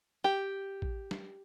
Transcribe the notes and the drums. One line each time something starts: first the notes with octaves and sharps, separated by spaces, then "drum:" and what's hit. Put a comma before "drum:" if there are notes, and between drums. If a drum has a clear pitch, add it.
G4
drum: kick A1
drum: snare